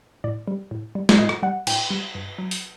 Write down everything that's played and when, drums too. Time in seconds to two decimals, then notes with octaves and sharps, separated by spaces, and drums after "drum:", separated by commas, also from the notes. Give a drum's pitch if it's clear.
0.24 A2 D5
0.48 G3
0.71 A2
0.95 G3
1.09 D5, drum: snare
1.19 A2 D#5
1.29 drum: rim click
1.43 G3 F#5
1.67 A2 G5, drum: cymbal
1.91 G3
2.15 G2
2.38 F#3
2.51 drum: open hi-hat